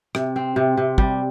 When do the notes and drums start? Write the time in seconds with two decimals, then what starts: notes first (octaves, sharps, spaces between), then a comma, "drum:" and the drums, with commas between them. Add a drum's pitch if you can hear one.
0.15 C3, drum: rim click
0.36 C4
0.56 C3
0.77 C3
0.98 G3, drum: kick